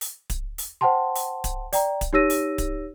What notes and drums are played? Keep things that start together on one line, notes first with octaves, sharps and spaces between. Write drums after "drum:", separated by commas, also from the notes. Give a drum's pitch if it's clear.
drum: open hi-hat
drum: kick D1, hi-hat
drum: open hi-hat
C5 F#5 G5 A5 C6
drum: open hi-hat
drum: kick D1, hi-hat
D5 G5 A#5, drum: open hi-hat
drum: kick D1, hi-hat
D#4 G4 C#5 E6 A#6 D#7
drum: open hi-hat
drum: kick D1, hi-hat